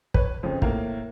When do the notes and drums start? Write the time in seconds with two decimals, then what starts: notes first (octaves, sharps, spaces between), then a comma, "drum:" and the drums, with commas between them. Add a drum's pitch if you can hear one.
0.14 B4 C#5, drum: kick
0.43 F2 C#3 F3
0.62 A2 A#3, drum: kick